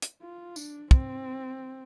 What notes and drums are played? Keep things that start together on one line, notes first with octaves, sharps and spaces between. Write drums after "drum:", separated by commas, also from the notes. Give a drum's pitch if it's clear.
drum: hi-hat
F4
D4, drum: tambourine
C4, drum: kick